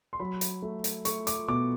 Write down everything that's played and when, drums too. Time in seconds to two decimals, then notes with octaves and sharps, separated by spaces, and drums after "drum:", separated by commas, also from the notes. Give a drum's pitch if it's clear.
0.13 C6
0.20 F#3 B5
0.41 drum: hi-hat
0.62 A3
0.84 drum: hi-hat
1.05 A3 C#6, drum: hi-hat
1.27 D6, drum: hi-hat
1.48 B2 D6